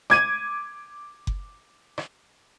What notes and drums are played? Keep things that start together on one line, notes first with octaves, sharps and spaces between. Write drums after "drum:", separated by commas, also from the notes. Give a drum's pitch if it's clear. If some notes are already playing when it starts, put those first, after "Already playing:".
D6 G#6 D#7, drum: rim click
drum: kick F#1
drum: rim click